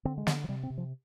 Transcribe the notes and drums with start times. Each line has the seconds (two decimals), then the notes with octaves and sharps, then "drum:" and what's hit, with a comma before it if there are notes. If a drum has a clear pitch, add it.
0.05 D3 C4
0.18 G#3
0.27 D3 B3, drum: snare
0.44 F3
0.48 C3 G3
0.63 C4
0.70 C3
0.78 F3